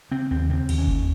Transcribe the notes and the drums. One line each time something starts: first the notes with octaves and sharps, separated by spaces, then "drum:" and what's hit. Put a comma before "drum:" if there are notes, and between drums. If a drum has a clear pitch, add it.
C#3 C4
D#2 C4
C#3 C4
D#2, drum: cymbal
C#4
D#2, drum: kick F#1